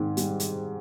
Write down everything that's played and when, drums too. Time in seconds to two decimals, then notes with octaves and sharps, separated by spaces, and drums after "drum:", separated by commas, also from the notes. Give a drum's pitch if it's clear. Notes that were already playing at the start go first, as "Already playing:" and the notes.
Already playing: G#2 D#3 C4
0.17 G3, drum: hi-hat
0.40 drum: hi-hat